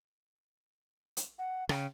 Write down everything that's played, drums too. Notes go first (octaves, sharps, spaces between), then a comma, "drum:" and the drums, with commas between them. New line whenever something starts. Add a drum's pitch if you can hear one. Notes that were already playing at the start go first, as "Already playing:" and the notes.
drum: hi-hat
F#5
C#3 G5, drum: rim click